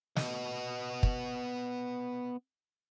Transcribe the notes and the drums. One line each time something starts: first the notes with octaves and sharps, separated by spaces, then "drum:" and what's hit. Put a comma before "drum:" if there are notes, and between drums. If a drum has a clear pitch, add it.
B3 D#5, drum: snare
drum: kick